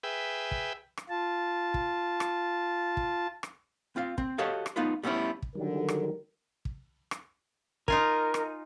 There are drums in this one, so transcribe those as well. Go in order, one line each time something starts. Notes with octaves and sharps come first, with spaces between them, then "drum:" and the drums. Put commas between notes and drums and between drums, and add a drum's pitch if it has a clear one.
G#4 B4 E5 G5
drum: kick
drum: rim click
F4 A5
drum: kick
drum: rim click
drum: kick
drum: rim click
C4 F4 F5
C4, drum: kick
F#4 G4 A4 C#5 D#5 F5
drum: rim click
B3 D#4 F4 B4
G3 A3 B3 C#4 E4
drum: kick
D3 D#3 F#3 G3 A#4
drum: rim click
drum: kick
drum: rim click
D#4 F4 A#4 G#5, drum: kick
drum: rim click